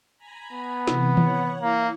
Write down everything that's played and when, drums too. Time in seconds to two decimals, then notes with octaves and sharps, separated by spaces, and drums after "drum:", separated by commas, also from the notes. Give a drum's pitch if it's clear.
0.18 G#5 A#5 B5
0.53 B3
0.87 C3 E3, drum: snare
1.17 C#5 F#5, drum: tom D#3
1.61 A#3 E4